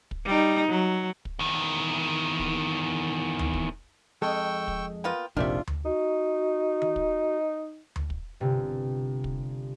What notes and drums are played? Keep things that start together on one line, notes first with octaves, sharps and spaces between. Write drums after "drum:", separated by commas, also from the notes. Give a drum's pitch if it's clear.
drum: kick
G3 D#4
F#3
drum: kick
E2 D#3
drum: kick
drum: tom D2
drum: kick
F2 G#3 A4 G5 C#6 E6
drum: kick
A#3 B3 F4 G5
F1 A#1 C3 D#3 D4 F4 D5 E5
drum: tom D2
D#4 F#4
drum: tom D#3
drum: kick
drum: tom D2
drum: kick
G1 C3
drum: kick